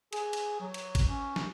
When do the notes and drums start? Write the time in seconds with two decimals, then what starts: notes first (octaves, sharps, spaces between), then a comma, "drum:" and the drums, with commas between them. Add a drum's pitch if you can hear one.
0.13 G#4, drum: cymbal
0.33 drum: cymbal
0.60 F#3
0.74 drum: cymbal
0.95 drum: kick G#1, cymbal
1.07 C#4
1.36 drum: snare